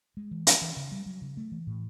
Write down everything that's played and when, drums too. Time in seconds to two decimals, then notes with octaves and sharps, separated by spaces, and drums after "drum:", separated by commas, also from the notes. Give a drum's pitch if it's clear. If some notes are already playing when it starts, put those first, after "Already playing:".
0.17 G#3
0.31 E3
0.47 C#4, drum: hi-hat
0.62 E3
0.77 C#3
0.92 G3
1.06 F#3
1.22 C#3
1.37 A3
1.52 E3
1.67 A2